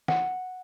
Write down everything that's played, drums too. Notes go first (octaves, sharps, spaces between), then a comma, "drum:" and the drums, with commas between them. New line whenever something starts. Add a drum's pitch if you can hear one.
F#5, drum: snare